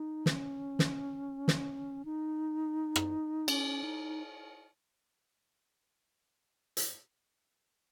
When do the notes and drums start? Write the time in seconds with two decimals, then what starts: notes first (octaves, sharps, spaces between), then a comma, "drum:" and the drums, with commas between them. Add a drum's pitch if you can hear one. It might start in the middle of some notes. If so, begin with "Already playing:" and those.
Already playing: D#4
0.26 C#4, drum: snare
0.79 drum: snare
1.48 drum: snare
2.05 D#4
2.96 drum: rim click
3.48 C#4, drum: cymbal
3.84 D#4
6.77 drum: hi-hat